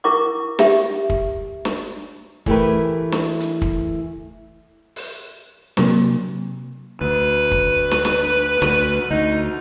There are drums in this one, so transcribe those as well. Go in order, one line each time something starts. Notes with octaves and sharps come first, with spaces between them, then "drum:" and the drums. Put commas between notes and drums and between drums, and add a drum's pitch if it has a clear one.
E4 A#4 A#5 C#6 D6
G4 E5, drum: snare
drum: kick
drum: snare
E3 A3 E4 G4 A#4 B4, drum: kick
drum: snare
drum: hi-hat
drum: kick
drum: open hi-hat
C3 F#3 A#3, drum: snare
D2 B4
drum: kick
drum: snare
drum: snare
D2, drum: snare
D2 D#4